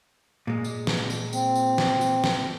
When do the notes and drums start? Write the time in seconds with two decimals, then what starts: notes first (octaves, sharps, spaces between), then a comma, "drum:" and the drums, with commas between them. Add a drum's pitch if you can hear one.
0.47 A#2 G#3
0.64 drum: tambourine
0.87 drum: snare
1.10 drum: tambourine
1.33 C4, drum: tambourine
1.55 drum: tambourine
1.78 drum: snare
2.01 drum: tambourine
2.24 drum: snare